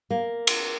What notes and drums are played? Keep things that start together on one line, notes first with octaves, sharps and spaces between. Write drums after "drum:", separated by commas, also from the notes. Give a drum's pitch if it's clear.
A#3
drum: cymbal